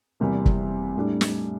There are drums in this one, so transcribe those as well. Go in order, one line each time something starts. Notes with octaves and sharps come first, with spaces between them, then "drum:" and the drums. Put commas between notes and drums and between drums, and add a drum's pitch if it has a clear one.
E2 C3 G3 A#3
drum: kick
A2 G3 D4
drum: snare